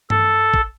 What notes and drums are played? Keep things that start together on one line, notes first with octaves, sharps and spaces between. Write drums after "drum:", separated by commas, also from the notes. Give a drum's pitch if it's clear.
A4, drum: tom G2
drum: kick A1